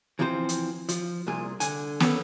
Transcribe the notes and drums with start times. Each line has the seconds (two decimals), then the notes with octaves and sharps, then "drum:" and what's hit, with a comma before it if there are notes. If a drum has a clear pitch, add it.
0.19 E3 F3 C4 A4 C5
0.49 drum: hi-hat
0.89 F3, drum: hi-hat
1.27 C2 A#2 G#4
1.60 D3 G#5, drum: hi-hat
2.00 B3 C#4 A4 B4, drum: snare